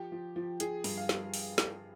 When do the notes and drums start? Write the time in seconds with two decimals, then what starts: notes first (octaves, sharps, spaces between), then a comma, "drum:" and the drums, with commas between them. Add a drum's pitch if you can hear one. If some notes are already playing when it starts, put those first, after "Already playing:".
Already playing: F3 G4
0.12 F3
0.36 F3
0.60 F3 G#4, drum: hi-hat
0.84 G2, drum: open hi-hat
0.97 F5
1.09 drum: snare
1.34 drum: open hi-hat
1.58 drum: snare